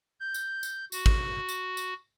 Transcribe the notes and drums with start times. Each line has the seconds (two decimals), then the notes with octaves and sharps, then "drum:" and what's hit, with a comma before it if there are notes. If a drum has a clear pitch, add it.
0.20 G6
0.34 drum: tambourine
0.63 drum: tambourine
0.92 F#4, drum: tambourine
1.06 drum: kick
1.49 drum: tambourine
1.77 drum: tambourine